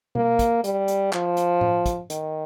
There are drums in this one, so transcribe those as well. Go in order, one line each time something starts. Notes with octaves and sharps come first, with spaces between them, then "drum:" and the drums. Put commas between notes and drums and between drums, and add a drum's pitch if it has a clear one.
A#3, drum: tom B2
drum: kick, hi-hat
G3, drum: hi-hat
drum: hi-hat
F3, drum: clap
drum: hi-hat
drum: tom A2
drum: kick, hi-hat
D#3, drum: hi-hat